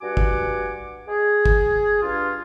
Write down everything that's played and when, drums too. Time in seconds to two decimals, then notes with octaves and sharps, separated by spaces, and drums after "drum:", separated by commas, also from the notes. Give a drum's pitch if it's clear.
0.02 G2 F#4 F#5 G#5 D6
0.17 drum: kick
1.07 G#4
1.46 drum: kick
2.02 G2 D4 F4